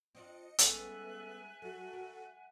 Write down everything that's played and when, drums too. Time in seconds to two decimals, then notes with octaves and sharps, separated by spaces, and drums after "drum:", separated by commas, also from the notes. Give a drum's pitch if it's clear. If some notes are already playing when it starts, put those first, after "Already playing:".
0.15 C4 D4 F4 D#5 C#7
0.58 G3 G#3 B3 C#4 A4 E5 G#5 F#6, drum: hi-hat
1.62 F#3 F#4 A4 F#5
1.93 A#4